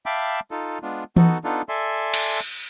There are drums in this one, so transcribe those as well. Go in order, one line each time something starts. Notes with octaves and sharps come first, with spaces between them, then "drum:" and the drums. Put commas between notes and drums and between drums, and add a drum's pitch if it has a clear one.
E5 F5 G5 A5 B5 D6
D#4 F4 A4
G#3 B3 D4 F4
B3 D#4 F#4 A4, drum: tom E3
B3 D4 D#4 F4 A4
A4 D5 E5 G#5 C6
drum: cymbal